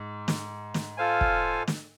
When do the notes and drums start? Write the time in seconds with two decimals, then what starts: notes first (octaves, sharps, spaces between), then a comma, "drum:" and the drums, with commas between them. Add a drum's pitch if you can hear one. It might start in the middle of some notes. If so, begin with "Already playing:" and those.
Already playing: G#2
0.28 drum: snare
0.74 drum: snare
0.97 F4 A4 C5 F5 G#5
1.21 drum: kick
1.68 drum: snare